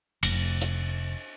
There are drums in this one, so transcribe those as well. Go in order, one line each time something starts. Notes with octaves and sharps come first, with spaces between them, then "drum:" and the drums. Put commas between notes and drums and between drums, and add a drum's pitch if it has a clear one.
F1, drum: cymbal
drum: hi-hat